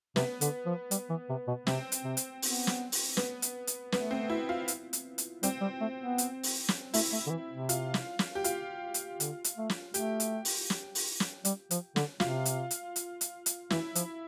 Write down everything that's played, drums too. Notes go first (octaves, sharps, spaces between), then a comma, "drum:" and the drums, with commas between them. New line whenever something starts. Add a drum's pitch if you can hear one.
C3 B3, drum: snare
D3, drum: hi-hat
F3
G3, drum: hi-hat
E3
C3
B2
C3 C4, drum: snare
drum: hi-hat
C3
drum: hi-hat
B3, drum: open hi-hat
drum: snare
drum: open hi-hat
B3, drum: snare
drum: hi-hat
drum: hi-hat
A3 B3, drum: snare
C4
E4
F4
drum: hi-hat
drum: hi-hat
drum: hi-hat
G3 C4, drum: hi-hat
G3
A3
B3
drum: hi-hat
drum: open hi-hat
drum: snare
A3 E4, drum: open hi-hat
A3
D3
E3
C3
F4, drum: hi-hat
drum: snare
drum: snare
G4
F4, drum: hi-hat
drum: hi-hat
D3, drum: hi-hat
drum: hi-hat
A3
drum: snare
A3 G4, drum: hi-hat
drum: hi-hat
drum: open hi-hat
drum: snare
drum: open hi-hat
drum: snare
G3, drum: hi-hat
F3, drum: hi-hat
D3, drum: snare
C3 F4, drum: snare
drum: hi-hat
drum: hi-hat
drum: hi-hat
drum: hi-hat
drum: hi-hat
E3 E4, drum: snare
F3, drum: hi-hat